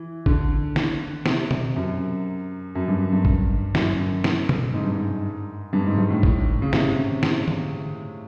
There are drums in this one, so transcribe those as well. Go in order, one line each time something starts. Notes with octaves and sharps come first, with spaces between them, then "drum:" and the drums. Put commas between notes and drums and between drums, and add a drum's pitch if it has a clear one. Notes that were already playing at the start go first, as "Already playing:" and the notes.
Already playing: E3
D3, drum: kick G#1
drum: snare
C3, drum: snare
drum: tom B2
F#2
F#2
G2
G2
drum: kick G#1
F#2, drum: snare
drum: snare
drum: tom B2
G#2
G2
G#2
G2
G#2
G2
A2
drum: kick G#1
C#3
C3, drum: snare
drum: snare
drum: tom D3